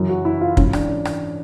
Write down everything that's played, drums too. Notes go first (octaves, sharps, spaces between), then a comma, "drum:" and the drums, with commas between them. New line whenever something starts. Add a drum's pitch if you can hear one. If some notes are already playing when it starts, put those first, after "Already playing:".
Already playing: F#2 C#3 E3
F#4
E4
F4
G#2 E3 C#4, drum: kick
D4, drum: rim click
drum: rim click